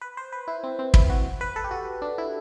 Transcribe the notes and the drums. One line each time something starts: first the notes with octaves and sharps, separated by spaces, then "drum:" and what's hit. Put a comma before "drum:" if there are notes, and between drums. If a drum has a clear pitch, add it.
B4
C5
B4
E4
C4
C4
E4, drum: kick
F#4
B4
A4
G4
F#4
D4
E4